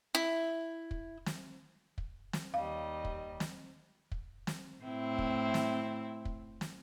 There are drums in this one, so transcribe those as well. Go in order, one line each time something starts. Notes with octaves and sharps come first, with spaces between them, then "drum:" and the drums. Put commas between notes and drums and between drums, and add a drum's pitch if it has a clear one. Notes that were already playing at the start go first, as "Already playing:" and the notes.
E4
drum: kick
drum: snare
drum: kick
drum: snare
D#2 G3 D#5 F5
drum: kick
drum: snare
drum: kick
drum: snare
A2 C4 E4
drum: kick
drum: snare
drum: kick
drum: snare